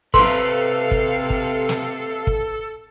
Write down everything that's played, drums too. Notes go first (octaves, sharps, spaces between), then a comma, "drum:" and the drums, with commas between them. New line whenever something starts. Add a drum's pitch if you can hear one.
C3 A4 B4 C5 F5 A#5 C6, drum: kick
drum: kick
drum: kick
drum: snare
drum: kick